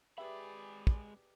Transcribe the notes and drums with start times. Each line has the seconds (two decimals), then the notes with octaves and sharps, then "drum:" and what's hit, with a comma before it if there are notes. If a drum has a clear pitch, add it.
0.18 G#3 G4 G#4 B4 D5 E5 B5
0.87 drum: kick